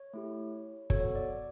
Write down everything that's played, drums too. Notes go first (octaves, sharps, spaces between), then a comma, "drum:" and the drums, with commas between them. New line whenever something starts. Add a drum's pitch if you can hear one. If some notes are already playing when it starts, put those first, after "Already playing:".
Already playing: C#5
A3 E4 G4
B3 F#4 A4 C#5, drum: kick
D5